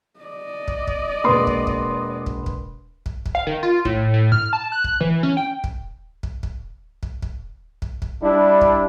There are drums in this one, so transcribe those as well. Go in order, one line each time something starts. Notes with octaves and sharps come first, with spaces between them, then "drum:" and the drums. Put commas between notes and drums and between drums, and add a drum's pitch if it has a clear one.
D5 D#5
drum: kick
drum: kick
E1 A#3 B4 C6 D#6
drum: kick
drum: kick
drum: kick
drum: kick
drum: kick
drum: kick
F5
D#3
F4
A2, drum: kick
A2
F6
A5
F#6
drum: kick
E3
C#4
G5
drum: kick
drum: kick
drum: kick
drum: kick
drum: kick
drum: kick
drum: kick
G3 D4 E4
drum: kick